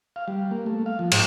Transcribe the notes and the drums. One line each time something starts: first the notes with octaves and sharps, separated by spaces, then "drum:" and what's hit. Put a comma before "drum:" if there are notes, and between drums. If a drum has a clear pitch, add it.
F5
G3
A#3
A3
F5
F3
G#2, drum: cymbal